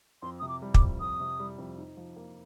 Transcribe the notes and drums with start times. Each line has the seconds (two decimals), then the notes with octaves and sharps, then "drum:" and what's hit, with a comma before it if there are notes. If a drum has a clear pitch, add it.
0.22 F2 C6
0.39 C3 D#6
0.48 D6
0.62 G3
0.74 D6, drum: kick
0.81 F2
1.00 F2 D#6
1.20 C3
1.39 G3
1.58 F2
1.78 D#4
1.97 F3
2.16 A#3